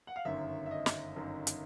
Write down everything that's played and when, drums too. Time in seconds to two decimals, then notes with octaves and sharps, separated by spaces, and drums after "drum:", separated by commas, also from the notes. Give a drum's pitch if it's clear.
0.07 F#5
0.16 F5
0.25 G1 F#2 D#3 E5
0.66 E5
0.71 D#5
0.86 drum: snare
1.16 G1 F#2 D#3
1.47 drum: hi-hat